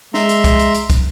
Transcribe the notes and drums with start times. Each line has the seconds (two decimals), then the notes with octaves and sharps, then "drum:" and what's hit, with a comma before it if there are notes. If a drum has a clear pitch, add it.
0.14 G#3 E5 A#5 C6, drum: snare
0.29 drum: hi-hat
0.44 drum: kick, hi-hat
0.59 drum: hi-hat
0.75 drum: hi-hat
0.90 drum: kick, hi-hat